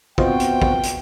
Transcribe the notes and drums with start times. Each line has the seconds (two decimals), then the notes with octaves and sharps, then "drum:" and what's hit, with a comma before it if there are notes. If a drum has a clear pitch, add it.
0.18 B3 C4 F4 F#4 C5 D#5 G5, drum: kick
0.40 drum: hi-hat
0.62 drum: kick
0.83 drum: hi-hat